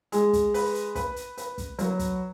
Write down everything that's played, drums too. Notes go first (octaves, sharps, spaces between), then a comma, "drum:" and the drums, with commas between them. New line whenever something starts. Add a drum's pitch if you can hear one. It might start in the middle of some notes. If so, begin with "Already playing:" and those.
G#3, drum: hi-hat
drum: kick, hi-hat
B4, drum: open hi-hat
drum: hi-hat
B4, drum: kick, hi-hat
drum: hi-hat
B4, drum: hi-hat
drum: kick, hi-hat
F#3, drum: hi-hat
drum: kick, hi-hat